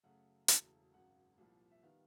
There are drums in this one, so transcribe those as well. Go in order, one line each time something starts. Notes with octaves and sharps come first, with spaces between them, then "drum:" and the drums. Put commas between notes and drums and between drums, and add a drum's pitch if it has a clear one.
F#2 C#3 F#3 A3 F#5
E1 E2 C#3 F#3 A3, drum: hi-hat
G#1 F#2 C#3 F#5
C2 A#2 F3
E5
D#3 G3 B3 F5